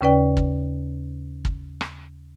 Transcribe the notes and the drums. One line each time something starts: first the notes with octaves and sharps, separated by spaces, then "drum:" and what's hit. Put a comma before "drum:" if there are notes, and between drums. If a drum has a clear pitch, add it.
D#2 C#3 C#4 B4 D5 G5
drum: kick
drum: kick
drum: rim click